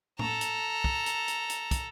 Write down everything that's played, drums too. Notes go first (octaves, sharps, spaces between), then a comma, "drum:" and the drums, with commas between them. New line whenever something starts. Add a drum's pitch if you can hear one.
A4 A#5, drum: tom A2
drum: hi-hat
drum: kick
drum: hi-hat
drum: hi-hat
drum: hi-hat
drum: kick, hi-hat